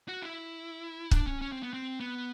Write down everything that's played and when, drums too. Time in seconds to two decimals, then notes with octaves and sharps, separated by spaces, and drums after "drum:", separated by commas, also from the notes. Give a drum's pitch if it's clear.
0.09 F#4
0.22 E4
1.11 D4, drum: kick
1.27 C#4
1.41 C#4
1.52 C4
1.63 B3
1.73 C4
2.00 B3